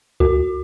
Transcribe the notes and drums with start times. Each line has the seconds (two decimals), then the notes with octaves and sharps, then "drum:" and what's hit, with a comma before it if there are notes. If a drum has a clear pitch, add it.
0.20 F#4, drum: kick C#2